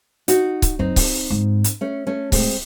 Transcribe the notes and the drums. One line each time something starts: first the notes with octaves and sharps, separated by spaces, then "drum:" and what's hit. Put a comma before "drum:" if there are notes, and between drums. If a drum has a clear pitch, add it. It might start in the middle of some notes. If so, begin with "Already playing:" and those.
D#4 F#4, drum: hi-hat
drum: kick C#1, hi-hat
F#2 C4 D#4
drum: kick C#1, open hi-hat
G#2
drum: hi-hat
A3 C#4
A3 C#4
A2 G#3 C4, drum: kick C#1, open hi-hat